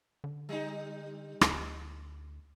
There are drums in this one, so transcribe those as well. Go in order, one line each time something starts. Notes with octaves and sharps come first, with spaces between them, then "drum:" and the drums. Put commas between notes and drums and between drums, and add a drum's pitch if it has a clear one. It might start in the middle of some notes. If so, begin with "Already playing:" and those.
D3
G3 D#4
D2, drum: rim click